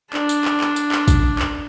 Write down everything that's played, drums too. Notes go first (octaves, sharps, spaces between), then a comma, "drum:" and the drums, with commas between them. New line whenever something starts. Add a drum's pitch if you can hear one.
D4, drum: clap
drum: tambourine
drum: clap
drum: clap
drum: tambourine
drum: clap
drum: kick, tambourine
drum: clap